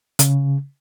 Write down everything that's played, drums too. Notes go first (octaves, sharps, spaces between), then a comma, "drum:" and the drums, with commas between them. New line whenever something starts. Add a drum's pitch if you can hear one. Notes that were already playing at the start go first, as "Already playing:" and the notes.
C#3, drum: hi-hat